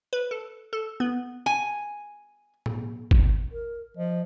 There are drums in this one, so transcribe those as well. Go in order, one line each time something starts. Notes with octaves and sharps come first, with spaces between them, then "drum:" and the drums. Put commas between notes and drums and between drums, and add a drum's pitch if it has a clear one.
B4
A4
A4
B3
G#5
drum: tom
drum: kick
A#4
F3 D#5